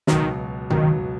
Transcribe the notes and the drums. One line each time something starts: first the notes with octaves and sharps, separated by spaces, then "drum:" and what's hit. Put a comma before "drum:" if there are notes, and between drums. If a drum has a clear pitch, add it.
C#2 B2 D#3 F#3, drum: snare
C#2 B2 D#3 F#3, drum: tom